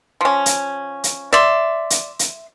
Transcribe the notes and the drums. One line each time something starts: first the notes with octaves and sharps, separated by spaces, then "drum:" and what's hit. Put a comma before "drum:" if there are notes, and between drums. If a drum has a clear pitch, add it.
F3 C#4
drum: hi-hat
drum: hi-hat
D5 E5 C6
drum: hi-hat
drum: hi-hat